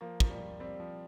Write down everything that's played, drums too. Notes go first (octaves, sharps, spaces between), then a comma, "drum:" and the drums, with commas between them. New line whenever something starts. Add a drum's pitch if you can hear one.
F3 A#3
F3, drum: kick
G3
F3
G3 C4
F3